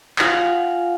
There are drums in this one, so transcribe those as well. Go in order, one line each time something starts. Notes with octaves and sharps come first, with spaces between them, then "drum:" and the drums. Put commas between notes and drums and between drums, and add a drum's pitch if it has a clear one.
F4 F5 F#5 G#5, drum: clap